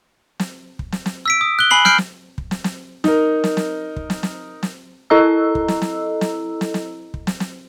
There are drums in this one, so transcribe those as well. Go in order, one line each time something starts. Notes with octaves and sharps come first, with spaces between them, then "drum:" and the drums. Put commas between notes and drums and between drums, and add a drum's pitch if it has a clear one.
drum: snare
drum: kick
drum: snare
drum: snare
E6 B6 D7
D#6
F#6 G7
G#5 B5 C7 F#7
F6 G6 C7 D7, drum: snare
drum: snare
drum: kick
drum: snare
drum: snare
D#4 A#4, drum: snare
drum: snare
drum: snare
drum: kick
drum: snare
drum: snare
drum: snare
E4 A4 D#5 A#5 E6
drum: kick
drum: snare
drum: snare
drum: snare
drum: snare
drum: snare
drum: kick
drum: snare
drum: snare